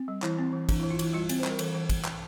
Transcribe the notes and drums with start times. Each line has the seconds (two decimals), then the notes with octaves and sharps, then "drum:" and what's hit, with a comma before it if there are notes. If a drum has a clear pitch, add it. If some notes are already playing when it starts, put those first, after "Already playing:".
Already playing: C4
0.08 G3
0.22 E3 E4, drum: clap
0.39 C4
0.53 E3
0.69 E3 D4, drum: kick, cymbal
0.80 E3 E4
0.90 F4
0.99 E3 E4, drum: cymbal
1.13 G3 F4
1.29 C4, drum: cymbal
1.39 C5
1.44 G3, drum: clap
1.49 A#4
1.59 E3 A4, drum: cymbal
1.74 E3
1.89 drum: kick, cymbal
2.05 drum: clap